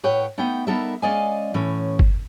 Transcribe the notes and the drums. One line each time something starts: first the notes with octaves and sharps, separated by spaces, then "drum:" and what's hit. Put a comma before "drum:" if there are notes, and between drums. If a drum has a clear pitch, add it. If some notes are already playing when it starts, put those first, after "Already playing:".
A2 B4 C#5 F#5 G5
A3 B3 D#4 F#5 G5
G3 B3 D#4 A4 A#4 E5
G#3 C#4 D5 D#5 F5 G#5
A2 E3 C#4
drum: kick G1